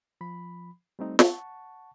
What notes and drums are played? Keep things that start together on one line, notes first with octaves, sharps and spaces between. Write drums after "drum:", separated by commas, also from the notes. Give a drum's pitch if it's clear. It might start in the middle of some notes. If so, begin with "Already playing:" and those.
F3 B5
G3 A3 C4 D#4
F#5 A5 C#6, drum: snare